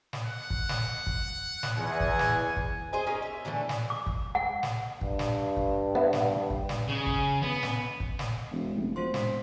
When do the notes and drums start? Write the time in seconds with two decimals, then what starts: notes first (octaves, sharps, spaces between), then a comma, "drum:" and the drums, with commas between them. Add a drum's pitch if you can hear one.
0.13 drum: snare
0.26 F#5
0.50 drum: kick
0.69 drum: snare
1.07 drum: kick
1.63 drum: snare
1.77 E2 F#5 G#5
2.00 drum: kick
2.19 drum: snare
2.57 drum: kick
2.93 G#4 C5 D#5 G#5
3.06 C#4 D#4 A#4
3.22 E5
3.45 D3 E3 A3 C#4
3.69 drum: snare
3.90 D6
4.07 drum: kick
4.35 F#5
4.63 drum: snare
5.01 G2, drum: kick
5.19 drum: snare
5.57 drum: kick
5.95 B3 E5
6.13 drum: snare
6.50 drum: kick
6.69 drum: snare
6.88 C#3
7.07 drum: kick
7.42 B3
7.63 drum: snare
8.00 drum: kick
8.19 drum: snare
8.51 E1
8.75 F1
8.96 E1 F4 C5 C6
9.14 B6, drum: snare